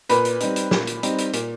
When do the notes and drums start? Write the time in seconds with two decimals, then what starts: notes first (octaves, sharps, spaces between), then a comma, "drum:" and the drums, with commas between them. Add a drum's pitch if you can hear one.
0.09 A#2 B4 B5, drum: hi-hat
0.25 drum: hi-hat
0.40 G3 C4 D#4, drum: hi-hat
0.56 drum: hi-hat
0.71 A#2, drum: snare
0.87 drum: hi-hat
1.03 G3 C4 D#4, drum: hi-hat
1.18 drum: hi-hat
1.33 A#2, drum: hi-hat